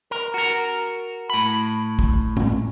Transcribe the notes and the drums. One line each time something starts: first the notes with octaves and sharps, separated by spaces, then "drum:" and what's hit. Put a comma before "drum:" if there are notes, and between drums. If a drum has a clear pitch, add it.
A#4
F#4 A#4
A2 B5
drum: kick
drum: tom A2